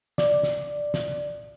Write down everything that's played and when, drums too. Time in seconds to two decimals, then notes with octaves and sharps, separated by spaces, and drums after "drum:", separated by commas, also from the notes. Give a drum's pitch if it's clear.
0.18 D5, drum: snare
0.43 drum: snare
0.94 drum: snare